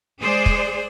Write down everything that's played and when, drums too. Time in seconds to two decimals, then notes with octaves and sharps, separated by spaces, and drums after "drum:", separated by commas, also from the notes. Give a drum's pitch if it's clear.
0.21 G#3 G#4 C5 D5
0.46 drum: kick